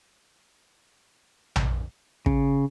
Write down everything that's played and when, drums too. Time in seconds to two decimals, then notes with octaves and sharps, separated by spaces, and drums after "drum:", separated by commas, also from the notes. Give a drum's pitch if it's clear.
1.56 drum: tom A#1
2.26 C#3, drum: kick